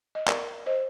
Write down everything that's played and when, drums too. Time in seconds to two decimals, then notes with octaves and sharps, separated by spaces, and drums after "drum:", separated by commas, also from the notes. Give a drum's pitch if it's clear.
0.15 D#5
0.28 A#4 D5, drum: clap
0.66 C5 D#5